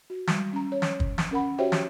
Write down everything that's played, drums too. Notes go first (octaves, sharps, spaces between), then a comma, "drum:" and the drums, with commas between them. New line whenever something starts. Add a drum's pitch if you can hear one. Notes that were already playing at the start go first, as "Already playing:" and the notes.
F#4
G3 G#3, drum: snare
C#4 A#5
C#5
drum: snare
drum: kick
drum: snare
C#4 A#4 F#5 B5
F#4 G4 C5 C#5 E5 G5
drum: snare